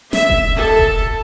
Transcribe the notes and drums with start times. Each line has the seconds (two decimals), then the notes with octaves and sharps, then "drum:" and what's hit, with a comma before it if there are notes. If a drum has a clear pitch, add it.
0.13 E5, drum: snare
0.30 drum: kick E1
0.58 A4
0.79 drum: kick E1